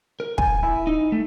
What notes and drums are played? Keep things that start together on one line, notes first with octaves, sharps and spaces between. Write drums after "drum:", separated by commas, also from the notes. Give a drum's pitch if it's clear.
A#4
G#5, drum: kick
E4
D#4
A3